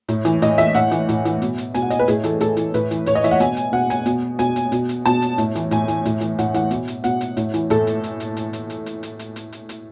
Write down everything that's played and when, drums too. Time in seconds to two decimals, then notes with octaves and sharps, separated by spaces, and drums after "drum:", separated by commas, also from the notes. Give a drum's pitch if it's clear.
0.09 A2, drum: hi-hat
0.25 E3, drum: hi-hat
0.42 A2 D#5, drum: hi-hat
0.58 E3 E5, drum: hi-hat
0.75 A2 F#5, drum: hi-hat
0.91 E3, drum: hi-hat
1.09 A2, drum: hi-hat
1.25 E3, drum: hi-hat
1.42 B2, drum: hi-hat
1.58 drum: hi-hat
1.75 B2 G#5, drum: hi-hat
1.82 F#5
1.90 D#5, drum: hi-hat
1.99 B4
2.08 A2 G#4, drum: hi-hat
2.24 E3 A4, drum: hi-hat
2.40 A2 A4, drum: hi-hat
2.57 E3, drum: hi-hat
2.74 A2 B4, drum: hi-hat
2.91 E3, drum: hi-hat
3.06 A2 C#5, drum: hi-hat
3.15 D#5
3.24 E3 E5, drum: hi-hat
3.31 F#5
3.40 B2 G#5, drum: hi-hat
3.57 drum: hi-hat
3.73 B2 F#5
3.90 G#5, drum: hi-hat
4.06 B2, drum: hi-hat
4.39 B2 G#5, drum: hi-hat
4.56 drum: hi-hat
4.72 B2, drum: hi-hat
4.89 drum: hi-hat
5.06 B2 A5, drum: hi-hat
5.22 drum: hi-hat
5.38 A2, drum: hi-hat
5.55 E3, drum: hi-hat
5.71 A2 G#5, drum: hi-hat
5.88 E3, drum: hi-hat
6.05 A2, drum: hi-hat
6.21 E3, drum: hi-hat
6.39 A2 F#5, drum: hi-hat
6.54 E3 F#5, drum: hi-hat
6.71 B2, drum: hi-hat
6.88 drum: hi-hat
7.04 B2 F#5, drum: hi-hat
7.21 drum: hi-hat
7.37 A2, drum: hi-hat
7.54 E3, drum: hi-hat
7.70 A2 A4, drum: hi-hat
7.87 drum: hi-hat
8.03 drum: hi-hat
8.20 drum: hi-hat
8.37 drum: hi-hat
8.53 drum: hi-hat
8.70 drum: hi-hat
8.86 drum: hi-hat
9.03 drum: hi-hat
9.19 drum: hi-hat
9.36 drum: hi-hat
9.52 drum: hi-hat
9.69 drum: hi-hat